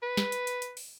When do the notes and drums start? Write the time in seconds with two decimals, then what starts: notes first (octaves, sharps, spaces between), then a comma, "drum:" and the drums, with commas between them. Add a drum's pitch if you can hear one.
0.03 B4
0.17 drum: snare
0.32 drum: hi-hat
0.47 drum: hi-hat
0.62 drum: hi-hat
0.77 drum: open hi-hat